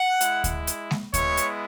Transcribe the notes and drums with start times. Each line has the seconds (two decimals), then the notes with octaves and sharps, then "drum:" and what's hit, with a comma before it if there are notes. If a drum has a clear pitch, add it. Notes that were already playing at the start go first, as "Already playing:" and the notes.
Already playing: F#5
0.21 G#3 E4, drum: hi-hat
0.44 drum: kick D2, hi-hat
0.67 drum: hi-hat
0.91 drum: snare G#3
1.14 G#3 B3 E4 C#5, drum: kick D2, hi-hat
1.37 drum: hi-hat